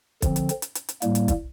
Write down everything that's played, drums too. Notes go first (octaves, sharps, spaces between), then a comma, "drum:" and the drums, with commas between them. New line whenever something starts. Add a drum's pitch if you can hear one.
D3 F3 C4, drum: kick, hi-hat
drum: hi-hat
drum: hi-hat
drum: hi-hat
drum: hi-hat
drum: hi-hat
A2 G3 A#3, drum: hi-hat
drum: hi-hat
drum: kick, hi-hat